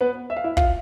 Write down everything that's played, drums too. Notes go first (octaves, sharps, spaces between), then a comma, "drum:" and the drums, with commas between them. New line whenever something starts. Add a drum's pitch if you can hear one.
B3 B4
E5
F5
E4 E5
F4 F5, drum: kick